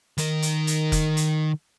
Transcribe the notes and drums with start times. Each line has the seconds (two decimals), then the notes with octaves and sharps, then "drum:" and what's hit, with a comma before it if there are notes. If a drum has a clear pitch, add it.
0.18 D#3 A#4, drum: hi-hat
0.42 drum: hi-hat
0.67 drum: hi-hat
0.92 drum: kick F1, hi-hat
1.17 drum: hi-hat